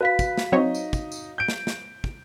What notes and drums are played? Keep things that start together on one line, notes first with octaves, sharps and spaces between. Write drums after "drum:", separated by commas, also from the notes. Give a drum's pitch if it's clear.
F#4 B4 F5 B6
drum: kick, tambourine
drum: snare
F#3 C4 D#4 C#5 D#5
drum: tambourine
drum: kick, tambourine
drum: tambourine
G6 D7
drum: snare
drum: snare
drum: kick